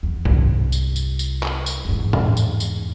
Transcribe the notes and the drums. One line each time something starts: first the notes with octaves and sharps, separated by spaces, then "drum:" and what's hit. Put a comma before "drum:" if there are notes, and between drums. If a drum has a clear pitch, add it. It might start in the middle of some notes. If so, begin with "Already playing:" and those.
E2
C2, drum: tom G2
drum: tambourine
drum: tambourine
drum: tambourine
drum: clap
drum: tambourine
E2 G#2
drum: tom A2
drum: tambourine
drum: tambourine